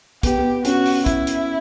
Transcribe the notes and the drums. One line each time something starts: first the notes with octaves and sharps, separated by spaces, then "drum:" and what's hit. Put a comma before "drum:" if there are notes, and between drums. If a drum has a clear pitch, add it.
B3 G4, drum: kick, hi-hat
B3
C#4 F#4, drum: hi-hat
drum: open hi-hat
E4, drum: kick, hi-hat
drum: hi-hat